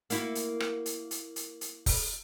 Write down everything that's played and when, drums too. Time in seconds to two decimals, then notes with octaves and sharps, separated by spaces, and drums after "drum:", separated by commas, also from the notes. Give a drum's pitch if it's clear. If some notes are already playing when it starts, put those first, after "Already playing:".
0.10 A#3 E4 F#4, drum: hi-hat
0.35 drum: hi-hat
0.60 drum: rim click
0.86 drum: hi-hat
1.11 drum: hi-hat
1.36 drum: hi-hat
1.61 drum: hi-hat
1.86 drum: kick, open hi-hat